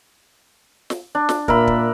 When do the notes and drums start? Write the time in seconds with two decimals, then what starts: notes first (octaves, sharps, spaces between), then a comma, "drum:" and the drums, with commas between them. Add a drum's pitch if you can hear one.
0.90 drum: snare
1.15 D4
1.29 drum: snare
1.48 A#2 A#4 E5 B5, drum: kick
1.67 drum: kick